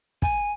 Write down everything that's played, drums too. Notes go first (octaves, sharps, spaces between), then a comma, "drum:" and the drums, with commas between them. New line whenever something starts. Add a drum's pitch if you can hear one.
G#5, drum: kick